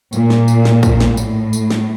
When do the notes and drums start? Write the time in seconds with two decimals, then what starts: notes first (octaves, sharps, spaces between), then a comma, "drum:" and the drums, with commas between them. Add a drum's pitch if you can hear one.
0.13 A#2, drum: tambourine
0.30 drum: snare
0.48 drum: tambourine
0.65 drum: snare
0.83 drum: kick, tambourine
1.00 drum: snare
1.17 A2, drum: tambourine
1.53 drum: tambourine
1.70 drum: snare